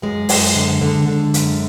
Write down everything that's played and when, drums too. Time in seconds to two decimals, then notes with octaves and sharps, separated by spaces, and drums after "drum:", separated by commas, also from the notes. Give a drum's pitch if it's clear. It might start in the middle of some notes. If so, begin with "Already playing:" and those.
0.02 F#2 G#3
0.29 F#2, drum: open hi-hat
0.55 D3
0.81 D3
1.08 D3
1.34 F#2, drum: hi-hat